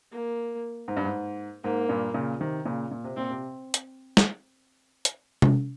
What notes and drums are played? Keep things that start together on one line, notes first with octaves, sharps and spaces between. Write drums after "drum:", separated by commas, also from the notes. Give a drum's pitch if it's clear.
A#3
G#2
G2
G#2
G#2 A#3
G2 A#2
A#2 C#3
C3 D#3
A#2 C#3
A#2
C3
A#2 C4
C3
drum: hi-hat
drum: snare
drum: hi-hat
drum: tom C3